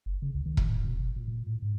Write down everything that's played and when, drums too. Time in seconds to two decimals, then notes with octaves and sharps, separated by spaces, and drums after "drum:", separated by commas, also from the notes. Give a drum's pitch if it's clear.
0.06 F#1
0.22 C#3
0.34 C#2
0.46 D#3
0.57 A#2, drum: kick E1
0.69 A2
0.85 B2
0.96 F#1
1.16 A#2
1.28 A#2
1.47 A2
1.62 G#2